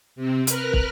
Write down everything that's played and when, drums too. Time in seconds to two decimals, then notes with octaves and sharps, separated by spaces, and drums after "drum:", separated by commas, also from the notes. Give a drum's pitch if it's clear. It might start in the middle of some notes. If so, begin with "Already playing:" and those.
0.16 C3 C4
0.47 A#4 B4 F6 F#6, drum: hi-hat
0.73 drum: kick